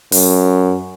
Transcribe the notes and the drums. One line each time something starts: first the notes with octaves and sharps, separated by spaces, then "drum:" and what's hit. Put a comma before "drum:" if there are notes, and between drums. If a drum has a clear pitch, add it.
F#2, drum: open hi-hat